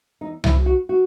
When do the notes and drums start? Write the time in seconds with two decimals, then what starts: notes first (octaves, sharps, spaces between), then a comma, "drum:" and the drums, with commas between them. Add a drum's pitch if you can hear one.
0.21 E2 D#4
0.44 E4, drum: tom C2
0.55 C#3 F#3
0.66 F#4
0.89 F#4